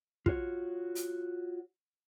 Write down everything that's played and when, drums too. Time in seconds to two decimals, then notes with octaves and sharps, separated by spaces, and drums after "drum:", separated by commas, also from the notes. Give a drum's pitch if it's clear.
0.26 F4 F#4 C#5, drum: kick
0.95 drum: hi-hat